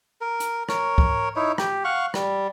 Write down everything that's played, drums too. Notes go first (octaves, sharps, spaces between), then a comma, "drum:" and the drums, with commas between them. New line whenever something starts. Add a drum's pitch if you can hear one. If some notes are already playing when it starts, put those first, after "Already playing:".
A#4
drum: hi-hat
A#4 C#5, drum: rim click
drum: kick C#2
D#4 E4 C#5
G4, drum: rim click
F5 F#5 C#6
G3, drum: rim click